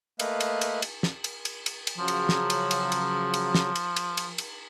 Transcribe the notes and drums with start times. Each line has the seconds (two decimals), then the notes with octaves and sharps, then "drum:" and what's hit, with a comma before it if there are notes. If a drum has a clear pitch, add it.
0.19 A3 A#3 B4 D#5 F5, drum: cymbal
0.40 drum: cymbal
0.61 drum: cymbal
0.82 drum: cymbal
1.03 drum: snare
1.24 drum: cymbal
1.45 drum: cymbal
1.66 drum: cymbal
1.87 drum: cymbal
1.98 C#3 F3 F#3
2.08 drum: cymbal
2.29 drum: snare
2.50 drum: cymbal
2.71 drum: cymbal
2.92 drum: cymbal
3.34 drum: cymbal
3.55 drum: snare
3.75 drum: cymbal
3.96 drum: cymbal
4.17 drum: cymbal
4.38 drum: cymbal